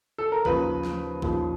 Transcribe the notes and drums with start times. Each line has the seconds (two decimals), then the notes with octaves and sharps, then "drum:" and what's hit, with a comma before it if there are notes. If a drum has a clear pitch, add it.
0.18 A4
0.32 A#4
0.45 D#2 C#3 F3 B4, drum: kick A1
0.84 drum: snare
1.22 D#2 C#3 F3, drum: kick A1